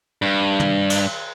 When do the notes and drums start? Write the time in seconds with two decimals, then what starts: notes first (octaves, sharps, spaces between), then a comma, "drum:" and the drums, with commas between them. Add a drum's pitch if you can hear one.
0.22 G2
0.60 drum: tom
0.90 drum: cymbal